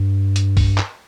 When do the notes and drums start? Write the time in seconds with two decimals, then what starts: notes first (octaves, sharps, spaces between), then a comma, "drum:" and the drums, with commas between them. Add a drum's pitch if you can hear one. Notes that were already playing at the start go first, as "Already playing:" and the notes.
Already playing: G2
0.36 drum: hi-hat
0.57 drum: kick, open hi-hat
0.78 drum: clap